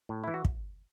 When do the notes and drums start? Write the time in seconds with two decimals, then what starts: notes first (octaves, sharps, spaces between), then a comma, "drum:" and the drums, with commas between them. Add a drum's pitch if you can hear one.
0.09 A2
0.24 E3 E4
0.34 F#4
0.45 drum: kick